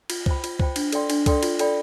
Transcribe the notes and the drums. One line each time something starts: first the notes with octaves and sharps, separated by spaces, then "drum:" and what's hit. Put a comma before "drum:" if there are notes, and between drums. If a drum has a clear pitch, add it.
F4, drum: cymbal
C5 G5 B5, drum: kick C#2
F4, drum: cymbal
C5 G5 B5, drum: kick C#2
D4, drum: cymbal
A4 D5 G5 C6, drum: cymbal
D4, drum: cymbal
A4 D5 G5 C6, drum: kick C#2, cymbal
F4, drum: cymbal
A4 D5 G5 B5, drum: cymbal